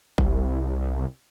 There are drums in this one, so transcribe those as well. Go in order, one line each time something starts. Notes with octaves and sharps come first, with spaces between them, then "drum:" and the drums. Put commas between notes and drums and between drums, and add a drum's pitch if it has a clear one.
C2, drum: kick F#1